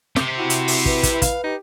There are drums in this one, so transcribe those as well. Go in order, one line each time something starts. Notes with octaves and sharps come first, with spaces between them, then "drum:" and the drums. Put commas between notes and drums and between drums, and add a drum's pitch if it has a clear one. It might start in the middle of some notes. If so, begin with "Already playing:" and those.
C3 G4, drum: snare
E4 F#4
drum: hi-hat
drum: open hi-hat
B4, drum: kick
drum: kick, hi-hat
F5, drum: kick, hi-hat
D#4 G4